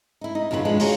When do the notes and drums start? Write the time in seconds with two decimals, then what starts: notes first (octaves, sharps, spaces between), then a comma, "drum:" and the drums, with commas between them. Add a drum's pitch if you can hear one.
0.21 D#4 E4
0.35 D#4
0.51 F#2 C#3 F4 G#4 B4
0.65 D#3 F3 G#3 B3 D4
0.80 F4 F#4 G#4 A#4 C#5, drum: open hi-hat